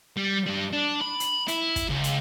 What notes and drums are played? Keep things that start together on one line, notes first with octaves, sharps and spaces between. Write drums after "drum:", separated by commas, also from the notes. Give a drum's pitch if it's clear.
G3
G2 G3
D4
B5
drum: hi-hat
E4, drum: hi-hat
drum: kick, hi-hat
C#2
drum: hi-hat